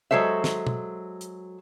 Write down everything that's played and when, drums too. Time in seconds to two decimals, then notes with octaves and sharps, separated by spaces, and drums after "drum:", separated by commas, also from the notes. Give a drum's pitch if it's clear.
0.11 F#3 G#3 A4 C5 E5
0.44 drum: snare
0.67 drum: tom
1.21 drum: hi-hat